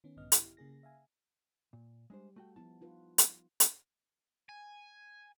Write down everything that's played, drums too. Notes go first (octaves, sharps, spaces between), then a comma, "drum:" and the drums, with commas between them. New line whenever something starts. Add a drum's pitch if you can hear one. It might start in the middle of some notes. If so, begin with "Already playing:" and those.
D#3 B3 C#4
A#1 G2 D3 B3 D#5 F6
E4 G4, drum: hi-hat
C#3 A#3 G#4 A#6
E5 F5 G#5
A#2
G3 G#3 D4 G4 C5
A3 F#4 G5
F3 B3 E4 A5
D#4 F4 B4
drum: hi-hat
drum: hi-hat
G#5